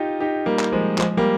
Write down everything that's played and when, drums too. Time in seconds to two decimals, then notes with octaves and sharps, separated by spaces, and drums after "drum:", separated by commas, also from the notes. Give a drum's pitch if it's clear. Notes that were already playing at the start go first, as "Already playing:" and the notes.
Already playing: D#4 F4 G4
0.20 D#4 G4
0.46 G3 A#3
0.59 drum: clap
0.72 F3 G#3
0.98 F3 G#3, drum: clap
1.17 G3 A#3